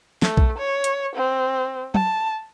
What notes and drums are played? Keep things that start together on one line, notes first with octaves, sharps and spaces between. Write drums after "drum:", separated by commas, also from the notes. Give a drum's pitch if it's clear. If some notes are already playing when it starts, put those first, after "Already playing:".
A3, drum: snare
drum: kick
C#5
drum: hi-hat
C4
A5, drum: tom